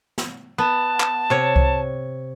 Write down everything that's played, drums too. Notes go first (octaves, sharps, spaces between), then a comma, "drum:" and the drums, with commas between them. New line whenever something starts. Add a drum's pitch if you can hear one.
drum: snare
B3 A5
drum: clap
C3 C#5
drum: kick C2